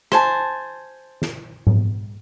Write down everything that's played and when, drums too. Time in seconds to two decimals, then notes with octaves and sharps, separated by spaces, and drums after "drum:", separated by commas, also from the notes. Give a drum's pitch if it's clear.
0.12 C5 G#5 A5, drum: rim click
1.22 drum: snare
1.67 drum: tom G#2